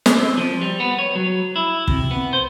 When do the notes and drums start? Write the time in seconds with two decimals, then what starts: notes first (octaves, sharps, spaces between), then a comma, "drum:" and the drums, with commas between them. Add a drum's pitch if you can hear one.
0.06 drum: snare
0.18 C4
0.37 F3
0.61 G3
0.80 B3
0.99 C#5
1.15 F#3
1.56 E4
1.88 C3, drum: kick
2.11 B3
2.33 C5